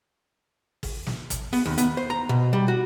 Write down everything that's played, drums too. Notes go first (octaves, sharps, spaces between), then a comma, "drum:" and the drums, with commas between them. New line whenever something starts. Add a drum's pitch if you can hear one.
drum: kick, open hi-hat
drum: snare
drum: kick, hi-hat
B3, drum: open hi-hat
D#2
B3, drum: hi-hat
C5
A#5
B2
G3
F#4